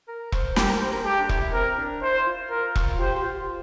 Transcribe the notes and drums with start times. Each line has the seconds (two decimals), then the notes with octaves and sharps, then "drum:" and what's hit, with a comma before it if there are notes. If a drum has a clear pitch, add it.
0.08 A#4
0.32 C5, drum: kick E1
0.56 G4 A#4, drum: snare
0.69 A#4
0.81 C5
0.93 A#4
1.05 G4 A4
1.17 D4
1.29 E4, drum: kick E1
1.41 E4
1.53 C4 A#4
1.78 D4
2.02 E4 C5
2.27 F4
2.50 A#4
2.76 drum: kick E1
2.99 G4 C5
3.16 G4
3.23 F4